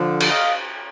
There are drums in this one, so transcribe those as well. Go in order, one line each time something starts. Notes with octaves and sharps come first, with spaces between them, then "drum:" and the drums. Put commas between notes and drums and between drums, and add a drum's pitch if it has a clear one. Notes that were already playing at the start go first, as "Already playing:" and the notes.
Already playing: D3 F3
drum: cymbal
D#5 F5